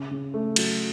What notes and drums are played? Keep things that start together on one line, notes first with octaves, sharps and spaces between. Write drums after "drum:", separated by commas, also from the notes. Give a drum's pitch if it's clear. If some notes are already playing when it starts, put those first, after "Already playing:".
Already playing: C#3
C#3
A3
F#3, drum: cymbal